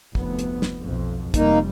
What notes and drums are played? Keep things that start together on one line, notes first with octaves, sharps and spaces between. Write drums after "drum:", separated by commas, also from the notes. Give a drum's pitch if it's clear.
F1 D2 B3, drum: kick
drum: hi-hat
drum: snare
B1 F2
F1 G3 A#3 D#4, drum: kick, hi-hat